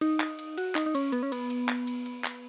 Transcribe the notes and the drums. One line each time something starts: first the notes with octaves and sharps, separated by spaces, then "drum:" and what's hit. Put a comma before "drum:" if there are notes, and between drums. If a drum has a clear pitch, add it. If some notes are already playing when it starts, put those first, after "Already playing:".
D#4, drum: cymbal
drum: clap
drum: cymbal
F#4, drum: cymbal
D#4, drum: clap
D#4
C#4, drum: cymbal
B3, drum: cymbal
C#4
B3, drum: cymbal
drum: cymbal
drum: clap
drum: cymbal
drum: cymbal
drum: clap